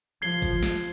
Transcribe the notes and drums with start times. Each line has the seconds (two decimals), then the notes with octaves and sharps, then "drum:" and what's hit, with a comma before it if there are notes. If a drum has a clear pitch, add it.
0.22 F3 G#6 C7 G7
0.42 drum: kick, hi-hat
0.63 drum: snare